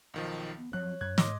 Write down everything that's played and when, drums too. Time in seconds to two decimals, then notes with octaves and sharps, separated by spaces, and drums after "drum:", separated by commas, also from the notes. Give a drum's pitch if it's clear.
0.14 B1 D#3 F3
0.57 B3
0.73 F3 F#3 C4 C#5 F#6
1.01 F#2 F#6 G#6
1.18 G#2 D#5 C6 D6, drum: snare